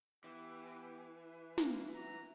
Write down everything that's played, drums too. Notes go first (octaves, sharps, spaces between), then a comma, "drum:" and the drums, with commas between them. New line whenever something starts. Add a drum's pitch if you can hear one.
E3 B3 G4
A#3, drum: snare
F#3 F#4 A#5